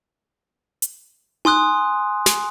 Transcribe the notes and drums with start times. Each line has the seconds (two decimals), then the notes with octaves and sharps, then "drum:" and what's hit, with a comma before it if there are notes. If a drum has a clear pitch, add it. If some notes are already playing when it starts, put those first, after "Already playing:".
0.82 drum: hi-hat
1.45 G#5 C6 D#6 F#6, drum: tom D#4
2.26 drum: snare